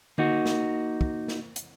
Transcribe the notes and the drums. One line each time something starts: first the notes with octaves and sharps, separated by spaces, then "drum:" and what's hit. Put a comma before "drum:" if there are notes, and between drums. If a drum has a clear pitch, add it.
A#3 D#4 F#4, drum: tom D3
drum: snare
drum: kick
drum: snare
drum: hi-hat